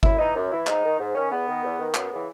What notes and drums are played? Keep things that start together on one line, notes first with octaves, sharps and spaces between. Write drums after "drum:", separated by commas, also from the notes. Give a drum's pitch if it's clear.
F#2 E4, drum: kick G1
E3 D#4
F#2
E3 E4
G#2 D#4, drum: clap
D#3
G#2
D#3 C#4
E2 B3
D#3
E2
D#3
F#2 B3, drum: clap
C#3 E3